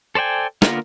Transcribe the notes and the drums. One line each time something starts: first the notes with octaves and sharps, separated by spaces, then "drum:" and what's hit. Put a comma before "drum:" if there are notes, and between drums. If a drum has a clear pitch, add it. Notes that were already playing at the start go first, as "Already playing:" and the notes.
A4 C5 D5 G5 G#5
D3 A#3 B3 F4 A#4, drum: snare